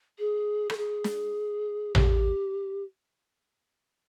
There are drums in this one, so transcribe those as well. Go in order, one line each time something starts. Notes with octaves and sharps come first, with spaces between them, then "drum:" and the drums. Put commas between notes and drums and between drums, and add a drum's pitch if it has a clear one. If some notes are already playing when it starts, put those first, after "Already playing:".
G#4
A4, drum: rim click
G#4
drum: snare
G4, drum: tom A1